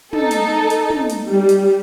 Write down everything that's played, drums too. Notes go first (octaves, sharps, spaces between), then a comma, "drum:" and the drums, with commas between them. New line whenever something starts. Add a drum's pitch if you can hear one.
D#4 A4, drum: tom
drum: hi-hat
drum: hi-hat
drum: tom
drum: hi-hat
G3
drum: hi-hat